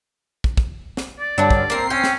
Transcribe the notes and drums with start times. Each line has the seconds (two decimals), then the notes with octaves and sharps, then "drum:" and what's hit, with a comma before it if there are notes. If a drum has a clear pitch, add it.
0.44 drum: kick
0.57 drum: kick
0.97 drum: snare
1.19 D5
1.38 G2 D3 F#3 G3 D4
1.50 drum: kick
1.70 A#3 C4 A#4 C7
1.90 C#4 G5
2.04 drum: snare